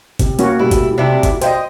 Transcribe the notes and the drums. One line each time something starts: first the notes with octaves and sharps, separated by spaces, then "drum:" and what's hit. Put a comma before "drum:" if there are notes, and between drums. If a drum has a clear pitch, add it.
C3, drum: kick G#1, hi-hat
A#3 C#4 F#4, drum: hi-hat
B2 G3 A3 E4
drum: kick G#1, hi-hat
C3 D4 E4
drum: kick G#1, hi-hat
C5 D#5 E5 G5, drum: hi-hat